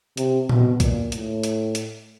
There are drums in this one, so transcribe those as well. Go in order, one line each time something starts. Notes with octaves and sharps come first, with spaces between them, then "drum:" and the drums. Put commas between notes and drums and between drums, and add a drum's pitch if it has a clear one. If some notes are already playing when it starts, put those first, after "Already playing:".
C3, drum: hi-hat
B2, drum: tom
A#2, drum: kick, hi-hat
A2, drum: hi-hat
drum: hi-hat
drum: hi-hat